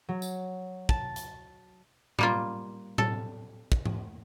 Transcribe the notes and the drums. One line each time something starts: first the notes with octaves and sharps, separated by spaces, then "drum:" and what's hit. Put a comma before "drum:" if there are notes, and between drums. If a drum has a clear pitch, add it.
F#3
drum: tambourine
A5, drum: kick
drum: hi-hat
G3 A#3 F4, drum: tom A2
A4, drum: tom A2
drum: kick
drum: tom G#2